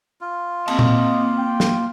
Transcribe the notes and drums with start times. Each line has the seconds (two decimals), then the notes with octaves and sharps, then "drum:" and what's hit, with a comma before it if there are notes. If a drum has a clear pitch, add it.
0.21 F4
0.68 A#3 C4 D#5 A5, drum: cymbal
0.79 drum: tom A#2
1.39 G5
1.60 drum: snare